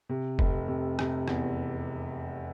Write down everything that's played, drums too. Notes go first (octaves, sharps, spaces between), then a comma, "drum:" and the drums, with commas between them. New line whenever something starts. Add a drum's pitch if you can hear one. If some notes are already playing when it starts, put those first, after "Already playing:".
C3
F1, drum: kick
C3
C3, drum: rim click
E2, drum: rim click